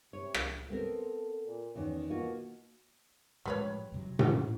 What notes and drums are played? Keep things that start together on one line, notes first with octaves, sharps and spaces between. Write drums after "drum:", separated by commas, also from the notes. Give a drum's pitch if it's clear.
C3 C#5
drum: rim click
B3 C4 A4 A#4
A#2
E2 D#3 C#4
B2 A#3 F4 F#4
A2 F3 G3 G#3 B4 C#5
F2 C3 F#3
drum: tom A2